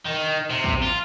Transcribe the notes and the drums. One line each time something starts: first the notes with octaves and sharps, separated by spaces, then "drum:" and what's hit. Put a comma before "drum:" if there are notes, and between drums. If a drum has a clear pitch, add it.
D#3
C3
drum: kick A#1
F4